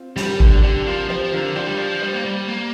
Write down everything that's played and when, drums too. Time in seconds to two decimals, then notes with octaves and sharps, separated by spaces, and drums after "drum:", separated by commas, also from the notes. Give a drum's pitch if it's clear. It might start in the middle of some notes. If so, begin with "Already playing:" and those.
Already playing: C4 F4
0.16 G3 G4, drum: snare
0.25 A#4
0.33 G4
0.40 D3 A#4, drum: kick G#1
0.49 D4 G4
0.63 D3 D4 G4
0.86 F3 F4 A#4
1.09 F3 G4 C5
1.24 F3
1.33 D3 F4 A#4
1.55 F3 D4 G4
1.67 G3
1.78 F3
2.02 G3 G4 C5
2.14 A#3
2.25 G3
2.48 A#3